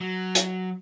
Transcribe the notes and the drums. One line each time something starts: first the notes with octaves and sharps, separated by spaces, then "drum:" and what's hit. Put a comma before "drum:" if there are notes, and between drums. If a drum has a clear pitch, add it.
F#3
drum: hi-hat